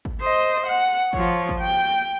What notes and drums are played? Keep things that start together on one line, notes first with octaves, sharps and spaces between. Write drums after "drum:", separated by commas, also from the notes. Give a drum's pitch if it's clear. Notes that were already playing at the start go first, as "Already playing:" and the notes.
drum: kick G#1
C5 D#5
F#5
F3 C#5, drum: kick G#1
drum: kick G#1
G5